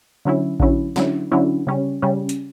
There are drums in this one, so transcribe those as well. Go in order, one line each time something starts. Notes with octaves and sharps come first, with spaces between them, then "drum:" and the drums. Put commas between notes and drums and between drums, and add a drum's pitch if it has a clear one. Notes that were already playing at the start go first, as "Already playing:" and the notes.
D3 F#3 C#4 E4
D3 F#3 C#4 E4, drum: kick A1
D3 F#3 C#4 E4, drum: snare
D3 F#3 C#4 E4
C#3 G3 C#4
C#3 G3 C#4
drum: hi-hat